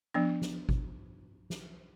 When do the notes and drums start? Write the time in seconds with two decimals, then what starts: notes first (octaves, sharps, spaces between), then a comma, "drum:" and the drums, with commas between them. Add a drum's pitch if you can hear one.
0.14 F3 B3 D4
0.42 drum: snare
0.69 drum: kick G#1
1.50 drum: snare